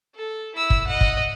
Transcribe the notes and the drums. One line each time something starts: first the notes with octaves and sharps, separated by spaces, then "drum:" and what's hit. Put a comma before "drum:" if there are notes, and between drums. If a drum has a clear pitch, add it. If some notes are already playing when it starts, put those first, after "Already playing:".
A4
E4 E6
drum: kick
D#5 F#5
drum: kick